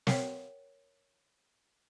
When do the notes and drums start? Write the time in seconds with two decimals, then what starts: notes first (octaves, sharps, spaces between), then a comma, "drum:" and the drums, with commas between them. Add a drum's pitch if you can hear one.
0.07 A#4 C#5 F#5 G5 B6 C7, drum: snare